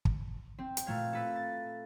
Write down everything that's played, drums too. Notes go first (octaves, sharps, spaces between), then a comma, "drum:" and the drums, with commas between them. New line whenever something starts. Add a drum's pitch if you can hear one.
drum: kick
C4
drum: hi-hat
A#2 A3 F5 G#6
A4 B4
A6